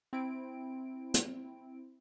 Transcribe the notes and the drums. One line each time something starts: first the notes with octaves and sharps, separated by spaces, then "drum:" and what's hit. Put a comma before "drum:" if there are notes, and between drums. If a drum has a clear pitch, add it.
C4 E4 D7
drum: hi-hat